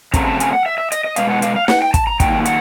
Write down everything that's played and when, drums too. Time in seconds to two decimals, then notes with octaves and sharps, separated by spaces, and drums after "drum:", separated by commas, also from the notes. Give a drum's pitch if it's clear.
0.14 C#3 F#3 A3 C4 A#5, drum: kick, hi-hat
0.27 A5
0.40 G#5, drum: hi-hat
0.53 F#5
0.66 E5
0.78 E5
0.92 D#5, drum: hi-hat
1.04 D#5
1.16 B2 G#3 F5, drum: hi-hat
1.30 F#5
1.42 F5, drum: hi-hat
1.56 F5
1.68 F#5, drum: snare
1.82 G5
1.94 A5, drum: kick, hi-hat
2.07 A#5
2.20 D#3 F#3 A#3 G5, drum: kick, hi-hat
2.45 F#5, drum: hi-hat